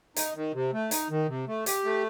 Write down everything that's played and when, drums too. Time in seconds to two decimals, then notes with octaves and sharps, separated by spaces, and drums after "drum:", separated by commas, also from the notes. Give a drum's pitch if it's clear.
0.16 D#4, drum: hi-hat
0.35 D#3
0.54 C3
0.73 A3
0.91 D#4, drum: hi-hat
1.10 D#3
1.28 C3
1.48 A3
1.66 G4, drum: hi-hat
1.85 A3